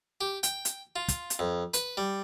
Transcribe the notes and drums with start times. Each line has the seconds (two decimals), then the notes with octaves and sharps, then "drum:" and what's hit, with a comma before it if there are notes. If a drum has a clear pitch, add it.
0.21 G4
0.43 G5, drum: hi-hat
0.65 drum: hi-hat
0.96 F4
1.08 drum: kick, hi-hat
1.30 drum: hi-hat
1.39 F2
1.74 B4, drum: hi-hat
1.97 G3